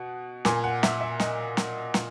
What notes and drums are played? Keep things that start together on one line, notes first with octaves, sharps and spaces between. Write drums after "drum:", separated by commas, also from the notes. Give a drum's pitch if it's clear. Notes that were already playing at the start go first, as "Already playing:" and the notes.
Already playing: B2 F#5
A#2 G#5, drum: snare
F#5
E5, drum: snare
E5
D#5, drum: snare
drum: snare
A#2, drum: snare